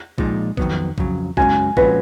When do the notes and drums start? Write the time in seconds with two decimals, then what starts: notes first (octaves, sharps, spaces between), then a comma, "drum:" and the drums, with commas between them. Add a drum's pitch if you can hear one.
0.18 A#2 F3 G#3 D#4, drum: kick
0.57 F2 D#3 F#3 B3, drum: kick
0.98 F2 C#3 F#3, drum: kick
1.37 F#2 C#3 G#3 C#4 F#4 G#5, drum: kick
1.77 A#2 F3 G#3 C#4 F#4 B4, drum: kick